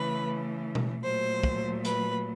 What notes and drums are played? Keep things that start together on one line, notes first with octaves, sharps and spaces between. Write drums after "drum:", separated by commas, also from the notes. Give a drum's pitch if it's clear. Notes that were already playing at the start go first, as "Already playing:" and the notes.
Already playing: C#3 E3 A3 B4
drum: tom B2
A#2 F#3 A3 C5
drum: kick
B4, drum: hi-hat